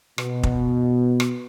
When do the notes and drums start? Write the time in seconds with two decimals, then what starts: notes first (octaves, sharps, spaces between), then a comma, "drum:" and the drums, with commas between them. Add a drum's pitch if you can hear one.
0.18 B2, drum: rim click
0.43 drum: kick
1.20 drum: rim click